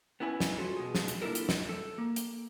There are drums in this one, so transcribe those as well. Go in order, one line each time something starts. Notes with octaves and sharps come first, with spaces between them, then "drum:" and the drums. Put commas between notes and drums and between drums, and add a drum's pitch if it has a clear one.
B3 C#4 E4 B4 G#5
drum: snare
F4 F#4 A4 C#5
B2 G#4
drum: snare
drum: hi-hat
A#3 D4 E4 F4 A4 A#4
drum: hi-hat
drum: snare
A4
A#3
drum: hi-hat